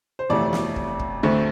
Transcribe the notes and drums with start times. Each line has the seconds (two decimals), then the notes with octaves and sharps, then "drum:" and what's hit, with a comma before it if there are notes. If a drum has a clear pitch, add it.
0.19 C5
0.29 G1 F2 C3 E3 A3 D5
0.53 drum: snare
0.76 drum: kick
1.00 drum: kick
1.23 D2 D3 A3 C4